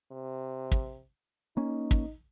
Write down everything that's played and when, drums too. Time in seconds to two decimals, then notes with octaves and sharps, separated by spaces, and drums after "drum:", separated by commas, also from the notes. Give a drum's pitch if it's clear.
0.12 C3
0.71 drum: kick
1.57 A#3 C#4 D#4
1.91 drum: kick